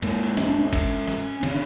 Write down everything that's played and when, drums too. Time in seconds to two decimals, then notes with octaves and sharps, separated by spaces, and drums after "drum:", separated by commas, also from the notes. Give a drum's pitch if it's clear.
0.02 G#2 A#3, drum: cymbal
0.37 C#4, drum: snare
0.49 D4
0.61 C#4
0.73 drum: kick, cymbal
1.08 drum: snare
1.43 D3 C#4, drum: cymbal